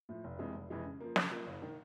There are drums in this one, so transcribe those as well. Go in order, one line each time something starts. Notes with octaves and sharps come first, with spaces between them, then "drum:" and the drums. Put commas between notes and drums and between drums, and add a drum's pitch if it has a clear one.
A2 F3
F1
F2 C3 E3 G#3
F1
F2 C3 E3 G#3
C#3
F3 A#3
C#3, drum: snare
F3 A#3
F#1
D#3